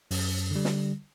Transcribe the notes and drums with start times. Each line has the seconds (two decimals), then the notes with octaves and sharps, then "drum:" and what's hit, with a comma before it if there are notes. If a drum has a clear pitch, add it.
0.11 F#2, drum: open hi-hat
0.51 D3 G3
0.65 drum: snare